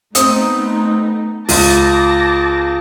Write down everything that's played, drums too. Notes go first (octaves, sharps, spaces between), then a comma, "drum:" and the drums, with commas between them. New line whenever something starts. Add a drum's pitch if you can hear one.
A3 B3 C4 D#4 D#6, drum: hi-hat
C#2 F4 A5 D6 A#6, drum: open hi-hat